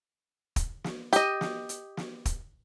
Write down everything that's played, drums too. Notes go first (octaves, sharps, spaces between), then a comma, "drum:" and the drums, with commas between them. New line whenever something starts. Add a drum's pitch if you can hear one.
drum: kick, hi-hat
drum: snare
G4 D#5, drum: hi-hat
drum: snare
drum: hi-hat
drum: snare
drum: kick, hi-hat